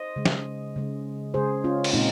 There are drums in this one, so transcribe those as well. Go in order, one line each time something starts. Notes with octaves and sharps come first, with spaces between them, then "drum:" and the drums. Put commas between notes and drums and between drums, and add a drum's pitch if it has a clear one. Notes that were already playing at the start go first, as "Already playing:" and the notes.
Already playing: C5 D#5
C#3 G#3
drum: snare
C#3 G#3
C#3 G#3 G#4 C5
C#4 F4
drum: cymbal
A#2 G#3 C4 D#4